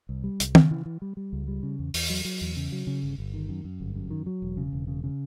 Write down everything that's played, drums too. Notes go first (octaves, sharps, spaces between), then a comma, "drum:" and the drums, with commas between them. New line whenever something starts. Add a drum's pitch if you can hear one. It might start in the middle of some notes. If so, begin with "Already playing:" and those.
C2
G3
C2, drum: hi-hat
C#3, drum: tom
E3
E3
G3
G3
C#2
G3
C#3
E2
E2, drum: open hi-hat
F#3
F#3
E2
C#3
F#3
C#3
G1
G1
D#3
F#2
F#2
G1
F#2
D#3
F#3
E1
C#3
E1
C#3
C#3